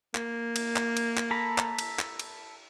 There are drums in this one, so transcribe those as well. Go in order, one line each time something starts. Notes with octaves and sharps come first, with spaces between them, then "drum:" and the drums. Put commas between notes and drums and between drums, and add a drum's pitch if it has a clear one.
A#3, drum: clap
drum: cymbal
drum: clap
drum: cymbal
drum: clap
A4 A#5 B5
drum: clap
drum: cymbal
drum: clap
drum: cymbal